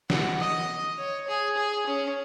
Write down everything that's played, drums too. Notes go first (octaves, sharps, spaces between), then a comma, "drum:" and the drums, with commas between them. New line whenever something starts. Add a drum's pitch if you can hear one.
F#5, drum: snare
D#5
C#5
G#4
G#4
C#4